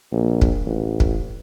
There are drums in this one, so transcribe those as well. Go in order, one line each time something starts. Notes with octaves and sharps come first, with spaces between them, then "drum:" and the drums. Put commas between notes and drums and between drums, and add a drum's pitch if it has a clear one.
A#1
drum: kick
A1
drum: kick